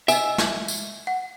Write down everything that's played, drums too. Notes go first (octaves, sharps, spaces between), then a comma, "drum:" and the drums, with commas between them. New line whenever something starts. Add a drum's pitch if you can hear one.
D#5 E5 G#5, drum: tambourine
drum: snare
drum: tambourine
F#5